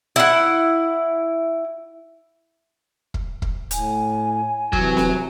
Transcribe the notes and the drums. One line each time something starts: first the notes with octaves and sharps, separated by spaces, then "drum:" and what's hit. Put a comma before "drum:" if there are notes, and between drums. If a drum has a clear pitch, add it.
E4 F#5
drum: kick
drum: kick
A2 G#5, drum: hi-hat
C3 E3 F#3, drum: kick
drum: snare C4